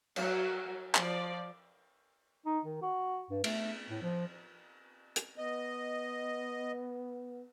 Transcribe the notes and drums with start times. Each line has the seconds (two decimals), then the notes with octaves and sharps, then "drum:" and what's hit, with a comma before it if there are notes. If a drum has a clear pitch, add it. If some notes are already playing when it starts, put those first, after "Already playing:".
0.16 F#3, drum: cymbal
0.95 F3 D5, drum: clap
2.46 D#4
2.65 D#3
2.82 F#4
3.31 G2
3.44 A3, drum: cymbal
3.90 A2
4.03 F3
5.16 drum: hi-hat
5.38 B3 D#5